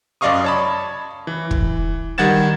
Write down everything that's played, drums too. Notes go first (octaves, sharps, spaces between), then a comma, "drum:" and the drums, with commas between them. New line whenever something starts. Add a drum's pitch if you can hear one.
F#2 D5 D#5 F5 C#6 D#6
C#5 A5 B5
E3
drum: kick
D#3 G3 F#5 G#6 A6 E7